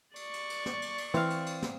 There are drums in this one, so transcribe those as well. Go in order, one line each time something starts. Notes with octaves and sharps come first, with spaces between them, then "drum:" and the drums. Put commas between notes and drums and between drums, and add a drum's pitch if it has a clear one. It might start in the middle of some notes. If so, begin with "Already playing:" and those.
D5 C#6, drum: cymbal
drum: cymbal
drum: cymbal
drum: snare
drum: cymbal
drum: cymbal
E3 C4 F5, drum: cymbal
drum: cymbal
drum: cymbal
drum: snare